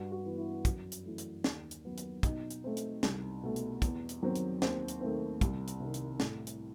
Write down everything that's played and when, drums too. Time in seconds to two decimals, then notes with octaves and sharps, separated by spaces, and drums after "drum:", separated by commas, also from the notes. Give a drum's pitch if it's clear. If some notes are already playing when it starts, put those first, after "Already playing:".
Already playing: G2 F#4
0.12 F#4
0.26 E3 B3
0.38 E4
0.65 F#2, drum: kick, hi-hat
0.92 drum: hi-hat
1.05 E3 A3
1.18 drum: hi-hat
1.44 D#2, drum: snare
1.71 drum: hi-hat
1.85 D#3 F#3 B3
1.97 drum: hi-hat
2.23 B2 D#4, drum: kick, hi-hat
2.50 drum: hi-hat
2.64 A3 C4
2.77 drum: hi-hat
3.03 C2, drum: snare
3.43 B2 A3
3.56 drum: hi-hat
3.82 E2, drum: kick, hi-hat
4.09 drum: hi-hat
4.23 D#3 F#3 C4
4.35 drum: hi-hat
4.62 D#2 C4, drum: snare
4.88 drum: hi-hat
5.01 D#3 A3 C4
5.41 C2, drum: kick, hi-hat
5.67 drum: hi-hat
5.80 C3 D#3
5.94 drum: hi-hat
6.20 A2, drum: snare
6.47 drum: hi-hat